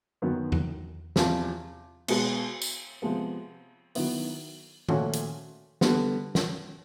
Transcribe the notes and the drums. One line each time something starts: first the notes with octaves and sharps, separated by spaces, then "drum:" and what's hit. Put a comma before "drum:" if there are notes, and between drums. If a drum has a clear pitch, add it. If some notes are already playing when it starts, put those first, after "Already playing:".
F#2 D#3 F#3 B3
drum: tom E2
E2 C3 F3, drum: snare
B2 G#3 B3, drum: cymbal
drum: tambourine
C3 F3 G#3 B3
D#3 F#3 B3 E4, drum: open hi-hat
A#2 F3 A3 C#4 F#4, drum: tom D#3
drum: hi-hat
D3 G3 B3, drum: snare
drum: snare